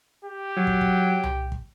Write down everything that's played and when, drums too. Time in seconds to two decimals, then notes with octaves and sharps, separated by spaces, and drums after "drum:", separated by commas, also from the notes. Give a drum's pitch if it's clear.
0.25 G4
0.57 F#3
0.67 drum: kick
0.81 drum: kick
1.24 drum: tom C2
1.52 drum: kick